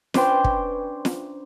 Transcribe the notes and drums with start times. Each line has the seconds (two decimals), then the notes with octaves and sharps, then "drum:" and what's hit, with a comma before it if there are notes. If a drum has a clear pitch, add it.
0.14 C#4 D4 B4 C5 G5 C6, drum: snare
0.44 drum: kick
1.05 drum: snare